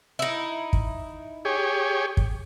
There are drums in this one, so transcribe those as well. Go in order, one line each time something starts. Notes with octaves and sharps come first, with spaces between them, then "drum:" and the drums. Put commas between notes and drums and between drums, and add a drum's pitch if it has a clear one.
D#4 E4
drum: kick
G4 G#4 C#5
drum: kick